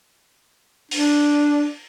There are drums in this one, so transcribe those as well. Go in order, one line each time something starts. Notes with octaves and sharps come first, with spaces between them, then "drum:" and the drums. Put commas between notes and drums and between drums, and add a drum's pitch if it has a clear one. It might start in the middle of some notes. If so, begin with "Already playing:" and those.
D4, drum: open hi-hat